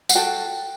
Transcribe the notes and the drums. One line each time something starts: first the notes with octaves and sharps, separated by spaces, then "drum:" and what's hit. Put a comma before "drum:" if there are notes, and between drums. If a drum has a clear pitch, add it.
F#5, drum: tambourine
F#4 A4 G5